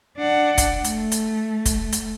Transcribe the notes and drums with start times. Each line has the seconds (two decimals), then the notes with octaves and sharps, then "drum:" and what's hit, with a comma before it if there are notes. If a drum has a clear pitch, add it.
0.17 D4 F#5
0.58 drum: kick, hi-hat
0.84 A3, drum: hi-hat
1.12 drum: hi-hat
1.65 drum: kick, hi-hat
1.92 drum: hi-hat